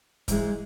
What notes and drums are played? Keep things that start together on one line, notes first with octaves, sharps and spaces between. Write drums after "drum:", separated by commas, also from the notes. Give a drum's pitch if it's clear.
G#2 E3 G#3, drum: kick, hi-hat